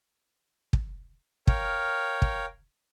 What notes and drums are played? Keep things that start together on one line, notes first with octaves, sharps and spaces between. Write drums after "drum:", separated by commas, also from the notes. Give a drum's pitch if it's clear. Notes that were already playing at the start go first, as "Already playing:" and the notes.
drum: kick
A#4 C#5 F5 G5, drum: kick
drum: kick